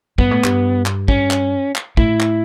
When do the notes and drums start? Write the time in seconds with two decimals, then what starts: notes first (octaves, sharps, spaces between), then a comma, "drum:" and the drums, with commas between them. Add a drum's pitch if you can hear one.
0.18 G2 B3, drum: kick
0.31 A2
0.44 G2, drum: clap
0.86 drum: clap
1.08 C#4, drum: kick
1.31 drum: clap
1.76 drum: clap
1.97 A2 E4, drum: kick
2.20 drum: clap